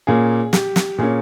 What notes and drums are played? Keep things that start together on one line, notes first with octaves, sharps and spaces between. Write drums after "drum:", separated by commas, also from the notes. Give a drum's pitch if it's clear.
A#2 A#3 C#4 G#4
G4, drum: snare
drum: snare
A#2 A#3 C#4 G#4